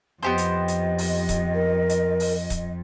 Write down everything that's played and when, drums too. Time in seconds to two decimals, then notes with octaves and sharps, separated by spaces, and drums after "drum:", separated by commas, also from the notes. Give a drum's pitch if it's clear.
0.23 F2 B3 G4 C5 D#5
0.38 drum: hi-hat
0.68 drum: hi-hat
0.98 drum: open hi-hat
1.29 drum: kick C#1, hi-hat
1.55 A#4
1.89 drum: hi-hat
2.20 drum: open hi-hat
2.50 drum: kick C#1, hi-hat